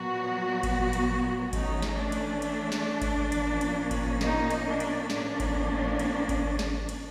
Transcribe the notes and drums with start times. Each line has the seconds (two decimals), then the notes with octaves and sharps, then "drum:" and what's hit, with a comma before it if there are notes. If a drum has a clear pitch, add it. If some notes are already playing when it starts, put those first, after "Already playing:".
Already playing: A#2 F#3 B3 F#4
0.63 drum: kick G#1, cymbal
0.93 drum: cymbal
1.53 E3 A3 C#4 D#4, drum: kick G#1, cymbal
1.82 drum: snare
1.97 D4
2.12 drum: cymbal
2.42 D4, drum: cymbal
2.72 drum: snare
3.02 drum: kick G#1, cymbal
3.32 A#2 F3 A#3 C#4, drum: cymbal
3.61 drum: cymbal
3.91 drum: kick G#1, cymbal
4.21 D#4, drum: snare
4.51 drum: cymbal
4.66 D4
4.80 drum: cymbal
5.10 A2 F3 A#3 C#4 D4, drum: snare
5.40 drum: kick G#1, cymbal
5.99 drum: cymbal
6.29 drum: kick G#1, cymbal
6.59 drum: snare
6.89 drum: cymbal